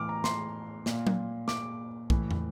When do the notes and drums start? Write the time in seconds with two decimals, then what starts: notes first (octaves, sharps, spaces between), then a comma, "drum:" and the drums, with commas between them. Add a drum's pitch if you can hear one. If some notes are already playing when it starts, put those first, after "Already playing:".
Already playing: A2 E3 D6 F6
0.09 A#5
0.24 C6, drum: snare
0.86 A#2, drum: snare
1.07 drum: tom F#3
1.48 D6, drum: snare
2.10 A2 E3, drum: kick B1
2.31 drum: tom